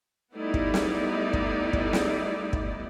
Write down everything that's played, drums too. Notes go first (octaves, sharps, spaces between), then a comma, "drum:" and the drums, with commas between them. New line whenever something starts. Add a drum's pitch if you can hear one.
G3 A3 B3 D#4 E4 D5
drum: kick
drum: snare
drum: kick
drum: kick
drum: snare
drum: kick